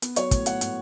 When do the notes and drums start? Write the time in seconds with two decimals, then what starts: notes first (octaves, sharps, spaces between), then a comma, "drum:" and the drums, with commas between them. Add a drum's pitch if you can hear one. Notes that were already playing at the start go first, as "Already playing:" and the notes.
0.02 B3, drum: hi-hat
0.16 F#3 C#5, drum: hi-hat
0.31 A2, drum: kick, hi-hat
0.46 B3 F#5, drum: hi-hat
0.61 A2, drum: hi-hat